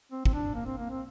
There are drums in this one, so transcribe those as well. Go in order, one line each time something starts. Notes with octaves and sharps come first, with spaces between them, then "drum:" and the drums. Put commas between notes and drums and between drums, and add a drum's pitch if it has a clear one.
C4
C4, drum: kick
D4
A#3
C4
A#3
C4